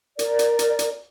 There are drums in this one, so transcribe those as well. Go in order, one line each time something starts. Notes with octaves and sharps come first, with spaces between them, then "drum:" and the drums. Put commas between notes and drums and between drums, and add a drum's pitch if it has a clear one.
A#4 D5, drum: hi-hat
drum: hi-hat
drum: hi-hat
drum: hi-hat